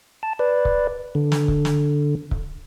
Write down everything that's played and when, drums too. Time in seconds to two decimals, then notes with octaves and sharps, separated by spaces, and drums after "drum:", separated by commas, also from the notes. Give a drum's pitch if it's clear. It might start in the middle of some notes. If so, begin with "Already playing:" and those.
0.23 A5
0.39 B4 D5
0.65 drum: kick C#1
1.15 D3
1.32 drum: snare
1.48 drum: kick C#1
1.65 drum: snare
2.31 drum: kick C#1